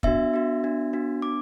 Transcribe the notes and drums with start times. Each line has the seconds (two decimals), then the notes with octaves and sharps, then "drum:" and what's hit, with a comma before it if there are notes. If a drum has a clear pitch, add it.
0.03 B3 D4 F#4 E5, drum: kick
0.33 B3 D4 F#4
0.64 B3 D4 F#4
0.93 B3 D4 F#4
1.22 B3 D4 D6